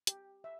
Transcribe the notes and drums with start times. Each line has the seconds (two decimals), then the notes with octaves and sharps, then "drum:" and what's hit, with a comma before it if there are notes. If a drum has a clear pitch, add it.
0.07 G4, drum: hi-hat
0.44 E5